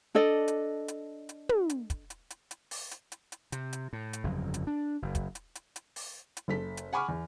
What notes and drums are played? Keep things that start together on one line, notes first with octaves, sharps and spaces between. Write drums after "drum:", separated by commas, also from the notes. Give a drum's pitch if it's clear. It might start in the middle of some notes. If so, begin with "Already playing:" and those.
D4 A4 D5 D#5
drum: hi-hat
drum: hi-hat
drum: hi-hat
drum: tom
drum: hi-hat
drum: kick, hi-hat
drum: hi-hat
drum: hi-hat
drum: hi-hat
drum: open hi-hat
drum: hi-hat
drum: hi-hat
drum: hi-hat
C3, drum: hi-hat
drum: hi-hat
A2
drum: hi-hat
G1 F2 C#3 F#3
drum: hi-hat
D4
F#1
drum: kick, hi-hat
drum: hi-hat
drum: hi-hat
drum: hi-hat
drum: open hi-hat
drum: hi-hat
F#1 A4 B6
drum: hi-hat
F#5 G#5 B5 C#6 D6 F6
E2